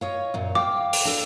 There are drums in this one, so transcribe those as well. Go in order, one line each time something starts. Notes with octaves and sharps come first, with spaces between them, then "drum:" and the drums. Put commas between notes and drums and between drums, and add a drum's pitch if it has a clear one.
F4 C#5 D#5
F#2 A#2
F5 G5 D6
drum: open hi-hat
D4 A4